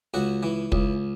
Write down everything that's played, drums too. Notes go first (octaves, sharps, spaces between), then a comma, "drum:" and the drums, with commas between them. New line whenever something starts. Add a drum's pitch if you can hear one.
C#2 F#4
E3
C#2, drum: kick